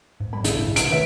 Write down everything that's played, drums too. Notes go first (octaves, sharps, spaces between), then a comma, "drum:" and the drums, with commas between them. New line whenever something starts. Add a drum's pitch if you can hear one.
G#2
F#3 G3 A#3 B5
G1 C2 A2 E4 G#4, drum: hi-hat
F1 D7, drum: hi-hat
D#3 G3 A3 B4 C#5 E5